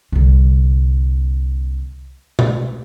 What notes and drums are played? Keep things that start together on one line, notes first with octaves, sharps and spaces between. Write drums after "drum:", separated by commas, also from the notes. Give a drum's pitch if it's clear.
C2 D3
drum: tom B2